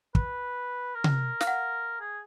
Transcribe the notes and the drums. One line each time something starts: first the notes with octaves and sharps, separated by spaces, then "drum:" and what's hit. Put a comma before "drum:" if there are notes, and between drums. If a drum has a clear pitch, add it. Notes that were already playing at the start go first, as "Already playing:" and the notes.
B4, drum: kick
A#4
drum: tom C3
F5, drum: snare
F#5
G#4